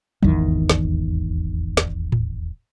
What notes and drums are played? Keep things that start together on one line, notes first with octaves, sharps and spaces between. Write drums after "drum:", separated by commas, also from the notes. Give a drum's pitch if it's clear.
D#1 G#1 E2 D#3, drum: tom
drum: snare
drum: snare
drum: tom A2